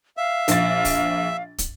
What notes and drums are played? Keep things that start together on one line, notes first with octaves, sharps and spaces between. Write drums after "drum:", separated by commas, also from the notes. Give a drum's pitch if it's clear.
E5 F5
A#1 A6, drum: hi-hat
drum: kick, open hi-hat
drum: kick, hi-hat